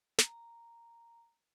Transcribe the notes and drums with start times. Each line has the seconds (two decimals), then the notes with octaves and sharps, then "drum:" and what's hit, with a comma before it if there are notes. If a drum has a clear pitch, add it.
0.18 A#5, drum: snare